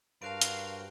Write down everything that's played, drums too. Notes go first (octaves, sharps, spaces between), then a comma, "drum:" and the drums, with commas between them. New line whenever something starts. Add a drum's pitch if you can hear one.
G2 F#4 A#4 C5 F5 A5 F#6 D7
drum: hi-hat